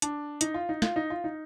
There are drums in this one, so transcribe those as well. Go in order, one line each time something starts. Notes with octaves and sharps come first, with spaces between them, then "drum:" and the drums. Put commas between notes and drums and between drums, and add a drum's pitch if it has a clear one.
D4, drum: hi-hat
D#4, drum: hi-hat
F4
D#4
F4, drum: snare
D#4
F4
D#4